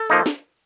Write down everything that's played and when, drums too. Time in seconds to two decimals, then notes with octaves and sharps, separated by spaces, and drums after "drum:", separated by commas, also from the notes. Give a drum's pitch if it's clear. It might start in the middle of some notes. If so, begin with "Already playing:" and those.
Already playing: A4
0.10 F3 A#3 D#4
0.26 drum: snare